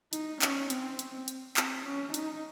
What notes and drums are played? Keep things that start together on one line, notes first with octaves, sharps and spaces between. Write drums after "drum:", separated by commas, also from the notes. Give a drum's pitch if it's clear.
D#4, drum: hi-hat
C#4, drum: clap
C4, drum: hi-hat
drum: hi-hat
drum: hi-hat
C4, drum: clap
C#4
D#4, drum: hi-hat